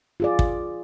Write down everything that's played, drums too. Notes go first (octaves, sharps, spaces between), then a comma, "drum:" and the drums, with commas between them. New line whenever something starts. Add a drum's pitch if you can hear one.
F4 G#4 D5
drum: kick